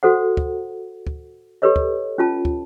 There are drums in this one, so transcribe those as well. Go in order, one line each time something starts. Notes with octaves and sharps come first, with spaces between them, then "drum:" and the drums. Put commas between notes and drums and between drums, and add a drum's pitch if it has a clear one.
F#4 A4 C5 F#5
drum: kick
drum: kick
G4 A4 B4 C#5 D#5
drum: kick
C#4 F4 A5
drum: kick